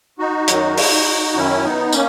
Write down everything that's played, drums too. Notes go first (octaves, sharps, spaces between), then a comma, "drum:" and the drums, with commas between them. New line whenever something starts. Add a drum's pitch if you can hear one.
D#4 F#4
F#2 D#3 F#3, drum: hi-hat
drum: open hi-hat
F#2 D#3 F#3 C#4 E4
B3 D#4
A#3 C#4, drum: tambourine